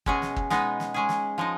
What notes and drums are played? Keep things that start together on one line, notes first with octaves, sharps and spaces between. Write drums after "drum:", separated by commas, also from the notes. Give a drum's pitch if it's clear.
B2 G#3 C#4 G#4, drum: kick
drum: snare
drum: kick
G#3 B3 D#4, drum: snare
drum: snare
G#3 C#4 G#4
drum: snare
F3 G#3 D#4